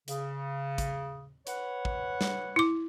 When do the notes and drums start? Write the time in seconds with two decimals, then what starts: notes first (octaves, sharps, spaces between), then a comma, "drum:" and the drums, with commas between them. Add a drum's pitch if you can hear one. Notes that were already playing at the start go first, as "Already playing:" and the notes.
0.08 C#3, drum: hi-hat
0.78 drum: kick, hi-hat
1.47 B4 C#5 F#5, drum: hi-hat
1.85 drum: kick
2.21 drum: snare
2.56 E4 D6